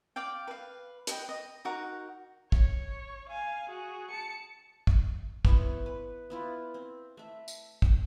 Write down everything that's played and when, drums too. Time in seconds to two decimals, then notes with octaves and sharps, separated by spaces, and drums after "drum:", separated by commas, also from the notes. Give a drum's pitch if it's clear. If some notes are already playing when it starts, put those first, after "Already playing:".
0.16 D5 F5 G5
0.47 B4 F5
1.07 B4 D#5 G5, drum: hi-hat
1.29 D#5
1.65 D#4 F#4 A#4 F#5
2.52 C#5, drum: kick
3.29 F5 G#5
3.69 F#4 G#4
4.10 A5 C#7
4.87 drum: kick
5.45 B3 E4 C5 C#5, drum: kick
5.86 B4
6.30 B3 E4 F4
6.74 C4
7.17 A3 E5
7.48 drum: tambourine
7.82 drum: kick